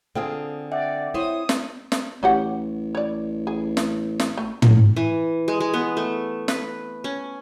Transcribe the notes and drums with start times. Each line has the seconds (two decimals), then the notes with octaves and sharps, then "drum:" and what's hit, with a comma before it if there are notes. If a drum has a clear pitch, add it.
0.15 D3 C4 F4 G#4 A4
0.72 D5 E5 F#5 G5
1.14 E4 C5 C#5 D#6
1.49 drum: snare
1.92 drum: snare
2.23 A1 C#4 G4 F#5
2.95 C#5 D5
3.47 G#4
3.77 drum: snare
4.20 drum: snare
4.38 A3
4.62 drum: tom
4.96 E3
5.48 G#3
5.60 G#3
5.74 B3
5.97 A3
6.48 B4, drum: snare
7.04 C#4